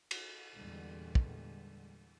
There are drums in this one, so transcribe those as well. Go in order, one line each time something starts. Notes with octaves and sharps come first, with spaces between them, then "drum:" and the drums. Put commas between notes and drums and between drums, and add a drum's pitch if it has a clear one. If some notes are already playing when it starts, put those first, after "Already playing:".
drum: cymbal
E2 A#2 D3 G3 G#3
drum: kick